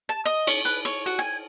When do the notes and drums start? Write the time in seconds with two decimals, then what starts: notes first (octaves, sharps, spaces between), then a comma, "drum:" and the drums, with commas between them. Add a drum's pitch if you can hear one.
0.09 A5
0.25 D#5
0.47 C#4, drum: cymbal
0.65 B4
0.85 C#5
1.06 F#4
1.19 G#5